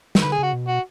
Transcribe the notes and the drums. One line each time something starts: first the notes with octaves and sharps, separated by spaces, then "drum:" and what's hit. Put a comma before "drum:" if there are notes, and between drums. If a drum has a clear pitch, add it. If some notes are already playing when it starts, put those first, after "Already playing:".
E3, drum: snare
D3 B4
G#4
C#3 F#4
B2
F#4